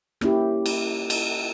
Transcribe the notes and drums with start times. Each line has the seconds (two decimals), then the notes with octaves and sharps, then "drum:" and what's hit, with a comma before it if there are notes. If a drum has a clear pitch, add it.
0.21 A#3 C#4 E4 G4, drum: rim click
0.66 drum: cymbal
1.10 drum: cymbal